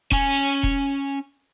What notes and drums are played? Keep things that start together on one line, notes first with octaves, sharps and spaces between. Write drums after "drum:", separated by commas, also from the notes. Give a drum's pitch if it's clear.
C#4 G#5, drum: kick E1
drum: kick E1